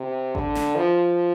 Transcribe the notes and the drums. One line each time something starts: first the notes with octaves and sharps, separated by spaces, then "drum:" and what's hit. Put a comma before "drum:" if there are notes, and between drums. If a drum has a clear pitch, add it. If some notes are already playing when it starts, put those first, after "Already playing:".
Already playing: C3
D3, drum: kick A1
drum: snare
F3